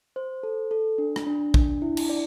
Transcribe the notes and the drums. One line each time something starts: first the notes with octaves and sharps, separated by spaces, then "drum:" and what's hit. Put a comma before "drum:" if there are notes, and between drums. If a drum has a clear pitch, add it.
C5
A4
A4
D4
drum: rim click
D4
D4, drum: kick
E4
drum: cymbal
D5